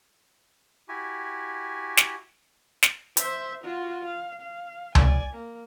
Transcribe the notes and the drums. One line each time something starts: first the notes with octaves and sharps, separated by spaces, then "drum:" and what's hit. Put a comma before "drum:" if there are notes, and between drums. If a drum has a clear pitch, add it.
E4 F#4 G4 G#5
drum: snare
drum: snare
C5 E5, drum: hi-hat
F4 F#4
F5
F5
D5 G#5, drum: tom C#2
A#3